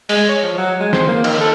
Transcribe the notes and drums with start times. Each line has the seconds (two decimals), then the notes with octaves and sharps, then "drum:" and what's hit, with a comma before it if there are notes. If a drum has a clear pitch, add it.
0.09 G#3, drum: open hi-hat
0.29 C#5
0.43 F3
0.57 F#3
0.80 G#3
0.93 C5, drum: snare
1.08 A#3
1.24 D#3, drum: cymbal
1.40 A4